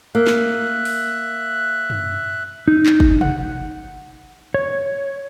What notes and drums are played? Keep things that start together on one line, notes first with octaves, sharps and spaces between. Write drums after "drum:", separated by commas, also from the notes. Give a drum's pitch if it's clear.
A#3 E5 F#6
drum: snare
drum: open hi-hat
drum: tom F#2
D#4
drum: clap
drum: kick
F#5, drum: tom
C#5